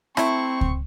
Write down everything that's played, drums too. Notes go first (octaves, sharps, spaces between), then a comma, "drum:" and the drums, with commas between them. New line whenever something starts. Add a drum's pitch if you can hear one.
A3 C4 E4 C#6, drum: rim click
drum: kick C#2